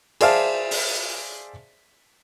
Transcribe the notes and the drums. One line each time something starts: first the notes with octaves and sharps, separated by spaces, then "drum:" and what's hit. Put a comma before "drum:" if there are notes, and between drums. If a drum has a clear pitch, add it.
G#4 C5 D5 E5 F5 A5, drum: cymbal
drum: open hi-hat